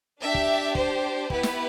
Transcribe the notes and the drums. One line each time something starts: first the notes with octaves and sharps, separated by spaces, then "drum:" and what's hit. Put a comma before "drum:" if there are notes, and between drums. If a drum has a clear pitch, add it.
D4 G4 E5
drum: kick
C5, drum: kick
B3 E4 G4 B4, drum: kick
drum: snare